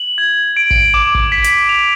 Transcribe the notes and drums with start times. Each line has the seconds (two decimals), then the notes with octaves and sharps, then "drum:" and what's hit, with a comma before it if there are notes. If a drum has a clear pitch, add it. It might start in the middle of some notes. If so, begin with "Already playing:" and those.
Already playing: F#7
0.18 G#6
0.57 D7
0.71 drum: kick
0.94 D6
1.15 drum: kick
1.32 B6
1.44 drum: hi-hat
1.69 F7